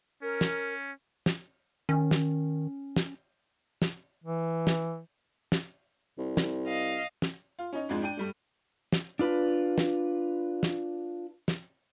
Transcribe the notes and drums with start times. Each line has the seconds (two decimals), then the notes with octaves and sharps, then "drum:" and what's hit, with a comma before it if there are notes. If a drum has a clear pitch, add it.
0.22 C#4 A#4
0.41 drum: snare
1.26 drum: snare
1.89 D#3 C#4
2.11 drum: snare
2.96 drum: snare
3.82 drum: snare
4.24 E3
4.67 drum: snare
5.52 drum: snare
6.18 C2
6.37 drum: snare
6.68 D#5 F5
7.22 drum: snare
7.59 F4
7.73 C#4 D#4
7.89 F2 G#2 F3 G#3 D4
8.03 D4 G5 D#7
8.17 G2 G3 A3
8.93 drum: snare
9.19 D4 F4 B4
9.78 drum: snare
10.63 drum: snare
11.48 drum: snare